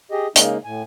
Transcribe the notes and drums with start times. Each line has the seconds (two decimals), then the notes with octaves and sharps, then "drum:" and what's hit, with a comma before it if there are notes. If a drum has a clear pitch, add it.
0.11 G4 G#4 D#5
0.36 C#3 G#3 A#3 D#4, drum: hi-hat
0.64 A2 G#5